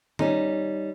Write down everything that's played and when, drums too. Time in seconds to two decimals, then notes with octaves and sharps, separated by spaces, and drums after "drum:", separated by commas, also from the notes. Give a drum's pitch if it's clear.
0.19 G3 C#4 D#4, drum: tom